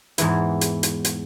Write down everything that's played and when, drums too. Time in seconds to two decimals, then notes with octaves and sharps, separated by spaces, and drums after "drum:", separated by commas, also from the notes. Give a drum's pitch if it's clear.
0.18 E2 G#2 E3 E4, drum: hi-hat
0.61 drum: hi-hat
0.83 drum: hi-hat
1.05 drum: hi-hat